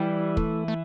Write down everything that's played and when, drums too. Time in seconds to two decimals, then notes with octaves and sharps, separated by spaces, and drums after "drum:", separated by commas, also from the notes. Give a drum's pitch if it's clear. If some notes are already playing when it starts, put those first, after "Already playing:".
Already playing: E3 G3 E4
0.37 A3, drum: kick
0.68 A3